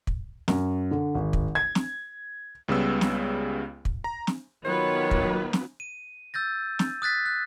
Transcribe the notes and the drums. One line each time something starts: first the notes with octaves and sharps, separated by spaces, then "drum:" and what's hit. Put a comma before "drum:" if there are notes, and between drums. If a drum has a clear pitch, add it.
drum: kick
F#2, drum: snare
D3
G#1
drum: kick
G#6
drum: snare
C#2 C#3 G3 B3 E6
drum: snare
drum: kick
A#5
drum: snare
D#3 F#3 B3 F4 B4 C#5
drum: kick
drum: snare
D#7
E6 G6 A6 A#6
drum: snare
D#6 F#6 A6 B6
F#6